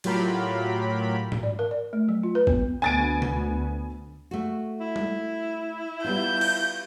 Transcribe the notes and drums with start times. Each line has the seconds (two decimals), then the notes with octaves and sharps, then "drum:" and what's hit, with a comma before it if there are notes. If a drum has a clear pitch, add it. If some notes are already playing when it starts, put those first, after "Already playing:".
0.04 A2 F#3 F4 G4 A#4 B5, drum: cymbal
1.32 drum: tom G#2
1.43 D5
1.59 A#4
1.71 D5
1.93 A3
2.09 F#3
2.23 F4
2.35 B4
2.47 B3, drum: kick
2.82 D2 B3 G#5 A6 D7
3.22 drum: tom B2
4.31 A3 F#4
4.80 E4
4.96 drum: tom G3
6.04 G3 B3 F4 G6
6.41 drum: cymbal